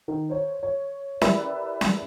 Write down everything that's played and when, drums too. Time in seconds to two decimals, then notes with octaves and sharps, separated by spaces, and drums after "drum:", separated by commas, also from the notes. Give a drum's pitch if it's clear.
0.08 D#3
0.29 C5 C#5
0.63 C#5
1.21 E4 G4 A#4 B4 D5 E5, drum: snare C#4
1.81 drum: snare C#4